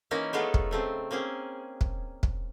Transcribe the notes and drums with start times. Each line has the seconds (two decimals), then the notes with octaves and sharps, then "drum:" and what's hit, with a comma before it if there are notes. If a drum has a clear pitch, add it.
0.11 E3 A#3 C#4 D#4 A#4
0.33 G#3 A3 B3 D#4 F4 A4
0.54 drum: kick
0.71 C#3 A3 C4
1.11 A#3 C4 C#4 G#4
1.81 drum: kick
2.23 drum: kick